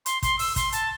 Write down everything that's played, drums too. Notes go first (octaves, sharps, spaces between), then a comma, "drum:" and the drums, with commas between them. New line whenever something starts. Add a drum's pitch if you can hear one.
C6, drum: hi-hat
C6, drum: kick, hi-hat
E6, drum: open hi-hat
C6, drum: kick, hi-hat
A5, drum: hi-hat